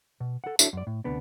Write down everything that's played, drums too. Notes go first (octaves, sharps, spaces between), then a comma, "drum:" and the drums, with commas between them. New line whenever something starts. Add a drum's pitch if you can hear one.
B2
A4 F#5
D4 E4 F#4 A4 C#5 E5, drum: tambourine
F#2 D5
A2
D2 C3 B3 D4